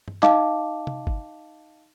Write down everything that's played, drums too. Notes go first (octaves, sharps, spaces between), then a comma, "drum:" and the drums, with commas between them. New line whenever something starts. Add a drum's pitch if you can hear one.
drum: tom G2
D#4 D#5 F5 A5 D6, drum: clap
drum: tom C3
drum: kick